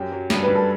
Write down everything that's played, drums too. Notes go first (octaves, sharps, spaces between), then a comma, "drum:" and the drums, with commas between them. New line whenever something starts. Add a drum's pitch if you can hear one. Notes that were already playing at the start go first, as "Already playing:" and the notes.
Already playing: F#2 F#3 G4
F#3
G2, drum: snare
B4
G2
A4